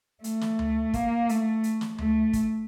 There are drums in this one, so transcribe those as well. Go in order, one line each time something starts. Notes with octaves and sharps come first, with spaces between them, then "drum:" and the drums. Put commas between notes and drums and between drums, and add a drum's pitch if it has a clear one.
A3, drum: hi-hat
drum: snare
drum: tom D2
A#3, drum: kick, hi-hat
A3, drum: hi-hat
drum: hi-hat
drum: snare
A3, drum: tom D2
drum: kick, hi-hat